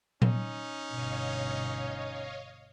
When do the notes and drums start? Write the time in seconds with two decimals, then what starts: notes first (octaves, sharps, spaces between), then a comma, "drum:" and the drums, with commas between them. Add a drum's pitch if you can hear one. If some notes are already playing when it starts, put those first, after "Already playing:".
0.22 C#4 D#4, drum: tom A#2
0.90 G1 B2 C#5 D#5 F5